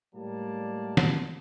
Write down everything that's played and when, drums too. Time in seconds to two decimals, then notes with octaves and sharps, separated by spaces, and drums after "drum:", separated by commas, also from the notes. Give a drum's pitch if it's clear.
0.15 A2 G3 G#3 A#3 D5 A5
0.97 drum: snare